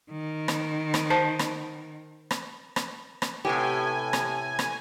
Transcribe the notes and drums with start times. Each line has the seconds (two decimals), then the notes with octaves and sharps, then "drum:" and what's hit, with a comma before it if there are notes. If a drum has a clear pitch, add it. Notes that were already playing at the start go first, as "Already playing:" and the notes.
0.12 D#3
0.48 drum: rim click
0.94 drum: rim click
1.10 C5 F#5 A5
1.39 drum: rim click
2.31 drum: rim click
2.76 drum: rim click
3.22 drum: rim click
3.45 A2 C3 B3 G4 G#5
4.13 drum: rim click
4.59 drum: rim click